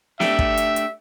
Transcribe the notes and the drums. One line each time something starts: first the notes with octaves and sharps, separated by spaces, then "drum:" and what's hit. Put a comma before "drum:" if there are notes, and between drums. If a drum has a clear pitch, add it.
A3 D4 G4 E5, drum: snare
drum: kick
drum: hi-hat
drum: hi-hat